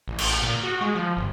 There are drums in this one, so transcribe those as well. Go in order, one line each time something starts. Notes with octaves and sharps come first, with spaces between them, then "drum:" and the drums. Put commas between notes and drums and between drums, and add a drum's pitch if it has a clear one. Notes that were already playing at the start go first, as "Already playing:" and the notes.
A1
drum: cymbal
A#2
F#4
G#3
F3
G1